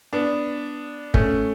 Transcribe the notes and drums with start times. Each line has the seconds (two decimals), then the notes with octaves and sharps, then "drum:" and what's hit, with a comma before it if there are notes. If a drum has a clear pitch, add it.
0.13 B3 D4
1.14 A3 C#4, drum: kick G1